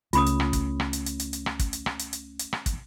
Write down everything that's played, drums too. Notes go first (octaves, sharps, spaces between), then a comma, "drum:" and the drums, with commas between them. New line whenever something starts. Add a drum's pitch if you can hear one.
C#2 A3 C#4 F4 B5 D#6, drum: hi-hat
drum: hi-hat
drum: rim click
drum: kick, hi-hat
drum: rim click
drum: hi-hat
drum: hi-hat
drum: hi-hat
drum: hi-hat
drum: rim click
drum: kick, hi-hat
drum: hi-hat
drum: rim click
drum: hi-hat
drum: hi-hat
drum: hi-hat
drum: rim click
drum: kick, hi-hat